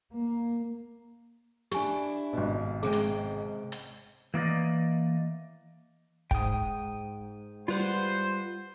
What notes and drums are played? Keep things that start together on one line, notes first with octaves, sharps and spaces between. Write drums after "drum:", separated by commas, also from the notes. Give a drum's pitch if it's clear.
A#3
D4 E4 G4 G#5, drum: hi-hat
G#1 B2
C3 G#3 G#4 G5
drum: hi-hat
drum: hi-hat
E3 A#3 G#4 D5 D#5
G#2 G5 D#6, drum: kick
G3 F4 B4 C5 F#5, drum: open hi-hat